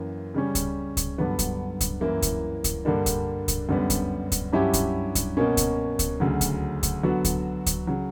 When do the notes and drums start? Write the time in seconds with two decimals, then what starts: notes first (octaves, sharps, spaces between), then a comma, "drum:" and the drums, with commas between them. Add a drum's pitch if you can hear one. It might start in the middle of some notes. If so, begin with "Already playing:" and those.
Already playing: F#2 E3 A#3
0.34 C#3 G3 C#4
0.55 drum: kick C#2, hi-hat
0.97 drum: kick C#2, hi-hat
1.18 G2 D3 F#3 B3
1.39 drum: kick C#2, hi-hat
1.81 drum: kick C#2, hi-hat
2.01 F#2 E3 A#3 E4
2.22 drum: kick C#2, hi-hat
2.64 drum: kick C#2, hi-hat
2.85 G2 D3 G3 A#3 D4
3.06 drum: kick C#2, hi-hat
3.48 drum: kick C#2, hi-hat
3.69 F#2 D3 G3 B3
3.90 drum: kick C#2, hi-hat
4.32 drum: kick C#2, hi-hat
4.53 G2 F#3 C#4 E4 G4
4.73 drum: kick C#2, hi-hat
5.15 drum: kick C#2, hi-hat
5.37 B2 A#3 C#4
5.57 drum: kick C#2, hi-hat
5.99 drum: kick C#2, hi-hat
6.20 D2 C#3 F#3
6.41 drum: kick C#2, hi-hat
6.83 drum: kick C#2, hi-hat
7.03 D3 F#3 B3 F#4
7.25 drum: kick C#2, hi-hat
7.66 drum: kick C#2, hi-hat
7.87 C#3 F#3